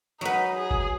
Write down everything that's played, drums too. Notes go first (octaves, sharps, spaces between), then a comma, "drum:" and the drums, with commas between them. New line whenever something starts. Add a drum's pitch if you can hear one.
F#3 D#4 B4
G#4
drum: kick G1